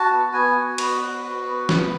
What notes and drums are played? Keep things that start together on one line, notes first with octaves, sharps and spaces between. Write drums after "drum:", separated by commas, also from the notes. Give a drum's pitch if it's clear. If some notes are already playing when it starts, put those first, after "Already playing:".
Already playing: F#4 A5
B3
B3 G#5
F#4
B3 B4, drum: cymbal
F#4
F#4
B3
B3, drum: snare